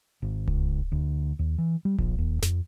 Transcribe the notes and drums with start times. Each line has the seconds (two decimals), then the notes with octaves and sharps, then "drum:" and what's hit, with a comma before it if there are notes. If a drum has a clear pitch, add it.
0.22 G#1
0.48 C#2, drum: kick D1
0.92 D2
1.39 D#2
1.58 E3
1.85 G3
1.98 A#1, drum: kick D1
2.18 D#2
2.42 F2, drum: snare